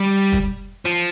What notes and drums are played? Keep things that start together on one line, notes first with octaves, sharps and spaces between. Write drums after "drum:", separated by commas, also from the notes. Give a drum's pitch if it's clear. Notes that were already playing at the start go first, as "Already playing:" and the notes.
Already playing: G3
drum: kick, hi-hat
F3, drum: hi-hat